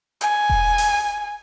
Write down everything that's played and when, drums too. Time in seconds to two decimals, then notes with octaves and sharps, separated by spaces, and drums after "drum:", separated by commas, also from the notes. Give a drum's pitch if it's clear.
0.21 G#5, drum: hi-hat
0.50 drum: kick E1
0.78 drum: open hi-hat